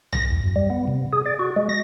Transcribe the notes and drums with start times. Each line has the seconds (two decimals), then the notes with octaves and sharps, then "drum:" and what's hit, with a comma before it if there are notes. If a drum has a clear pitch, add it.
0.13 A#6, drum: tom
0.30 E2
0.44 F#2
0.56 G3
0.70 B3
0.88 C3
1.13 G#4
1.26 D5
1.39 F#4
1.56 G#3
1.69 A#6